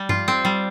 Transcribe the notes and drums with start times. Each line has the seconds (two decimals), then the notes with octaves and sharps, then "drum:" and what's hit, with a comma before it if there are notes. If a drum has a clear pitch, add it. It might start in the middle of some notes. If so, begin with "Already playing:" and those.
Already playing: G3
0.09 F4, drum: tom G2
0.28 C4
0.45 G3